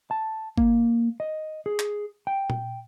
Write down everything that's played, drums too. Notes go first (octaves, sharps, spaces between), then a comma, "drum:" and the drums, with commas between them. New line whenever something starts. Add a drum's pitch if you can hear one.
A5
A#3, drum: kick G1
D#5
G#4
drum: clap
G5
drum: tom A#2